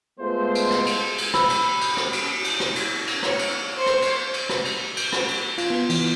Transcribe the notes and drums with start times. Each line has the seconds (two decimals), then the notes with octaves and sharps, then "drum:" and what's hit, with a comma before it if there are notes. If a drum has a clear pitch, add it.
0.20 G#3 A3 B3 F4 B4 C5
0.55 drum: cymbal
0.71 drum: rim click
0.86 drum: cymbal
1.18 drum: cymbal
1.34 B5 E6, drum: rim click
1.50 drum: cymbal
1.81 drum: cymbal
1.97 drum: rim click
2.13 drum: cymbal
2.44 drum: cymbal
2.60 drum: rim click
2.76 drum: cymbal
3.07 drum: cymbal
3.23 C#5, drum: rim click
3.39 drum: cymbal
3.76 C5 C#6
3.86 drum: rim click
4.02 drum: cymbal
4.34 drum: cymbal
4.49 drum: rim click
4.65 drum: cymbal
4.97 drum: cymbal
5.12 drum: rim click
5.28 drum: cymbal
5.58 F4, drum: cymbal
5.70 B3
5.89 E3, drum: cymbal